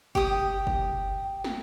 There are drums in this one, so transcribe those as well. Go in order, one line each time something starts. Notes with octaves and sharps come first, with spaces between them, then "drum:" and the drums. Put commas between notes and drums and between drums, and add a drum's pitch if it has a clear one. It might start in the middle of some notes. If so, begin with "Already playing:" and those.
G4 D#6, drum: kick
drum: kick
drum: snare